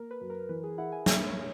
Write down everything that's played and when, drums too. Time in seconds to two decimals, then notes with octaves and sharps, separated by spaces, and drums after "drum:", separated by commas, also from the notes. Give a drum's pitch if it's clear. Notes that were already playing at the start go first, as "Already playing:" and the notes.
Already playing: A#3 A#4
0.11 B4
0.21 F#2
0.30 A#4
0.49 E3 B4
0.64 G#4
0.78 E4 F#5
0.92 G#5
1.06 A#3 E5, drum: snare
1.26 C#5